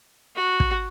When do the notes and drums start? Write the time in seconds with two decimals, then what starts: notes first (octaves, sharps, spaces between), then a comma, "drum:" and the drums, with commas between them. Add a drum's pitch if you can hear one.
0.35 F#4
0.60 drum: kick